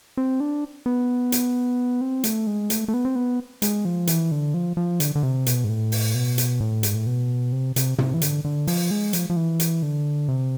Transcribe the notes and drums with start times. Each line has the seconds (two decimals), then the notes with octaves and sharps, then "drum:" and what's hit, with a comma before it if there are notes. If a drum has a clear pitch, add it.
0.17 C4
0.40 D4
0.86 B3
1.32 drum: hi-hat
2.01 C4
2.24 A3, drum: hi-hat
2.47 G#3
2.70 A3, drum: hi-hat
2.88 A3
2.94 B3
3.05 C4
3.16 B3
3.62 G#3, drum: hi-hat
3.85 F3
4.07 E3, drum: hi-hat
4.31 D3
4.54 F3
4.77 F3
5.00 D3, drum: hi-hat
5.15 D3
5.23 C3
5.47 B2, drum: hi-hat
5.64 G#2
5.69 A2
5.92 drum: open hi-hat
6.15 B2
6.38 drum: hi-hat
6.60 A2
6.83 G#2, drum: hi-hat
6.95 A2
7.06 B2
7.52 C3
7.76 C3, drum: hi-hat
7.98 C3, drum: tom
8.14 E3
8.22 D3, drum: hi-hat
8.45 D3
8.67 F3, drum: open hi-hat
8.91 G#3
9.13 F3, drum: hi-hat
9.30 F3
9.36 E3
9.60 drum: hi-hat
9.83 D3
10.28 C3